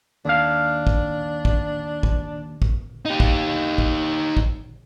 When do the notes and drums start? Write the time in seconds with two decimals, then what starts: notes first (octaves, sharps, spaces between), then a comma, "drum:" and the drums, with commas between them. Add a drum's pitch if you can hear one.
0.25 D#2 D4 F5
0.87 drum: kick
1.45 drum: kick
2.03 drum: kick
2.62 drum: kick
3.05 D#4 G4
3.20 drum: kick
3.78 drum: kick
4.37 drum: kick